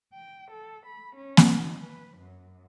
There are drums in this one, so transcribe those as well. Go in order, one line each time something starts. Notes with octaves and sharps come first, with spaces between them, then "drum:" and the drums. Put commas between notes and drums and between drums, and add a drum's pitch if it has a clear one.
G5
A4
B5
C#4
drum: snare A#3
D#4
B4
F#2